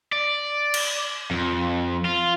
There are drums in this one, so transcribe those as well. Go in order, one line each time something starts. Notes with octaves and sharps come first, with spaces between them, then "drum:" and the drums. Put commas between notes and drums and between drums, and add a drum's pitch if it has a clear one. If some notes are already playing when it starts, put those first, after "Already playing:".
D5
drum: cymbal
F2
F4